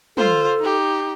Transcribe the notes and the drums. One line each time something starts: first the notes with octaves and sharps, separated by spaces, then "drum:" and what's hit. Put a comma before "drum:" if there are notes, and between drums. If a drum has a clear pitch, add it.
F4 A4 C5, drum: tom
D#4 G4